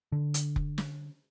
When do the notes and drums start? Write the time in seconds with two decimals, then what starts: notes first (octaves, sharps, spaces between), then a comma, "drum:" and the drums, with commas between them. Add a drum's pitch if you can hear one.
0.12 D3
0.34 drum: hi-hat
0.56 drum: kick F1
0.78 drum: snare